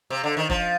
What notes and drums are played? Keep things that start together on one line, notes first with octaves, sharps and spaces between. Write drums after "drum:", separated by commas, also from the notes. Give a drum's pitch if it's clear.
C3
D3
D#3
F3, drum: kick